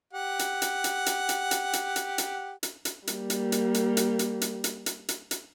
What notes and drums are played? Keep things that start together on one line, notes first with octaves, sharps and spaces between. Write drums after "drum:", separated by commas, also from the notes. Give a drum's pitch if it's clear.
G4 F#5
drum: hi-hat
drum: hi-hat
drum: hi-hat
drum: hi-hat
drum: hi-hat
drum: hi-hat
drum: hi-hat
drum: hi-hat
drum: hi-hat
drum: hi-hat
drum: hi-hat
G3 A#3, drum: hi-hat
drum: hi-hat
drum: hi-hat
drum: hi-hat
drum: hi-hat
drum: hi-hat
drum: hi-hat
drum: hi-hat
drum: hi-hat
drum: hi-hat
drum: hi-hat